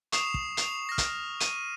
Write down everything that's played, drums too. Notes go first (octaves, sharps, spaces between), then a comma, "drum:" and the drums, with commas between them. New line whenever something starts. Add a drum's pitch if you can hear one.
C#6 D#6 C7 E7 F7, drum: hi-hat
drum: kick
C7 F7, drum: hi-hat
F6 A#6
drum: kick, hi-hat
D#7, drum: hi-hat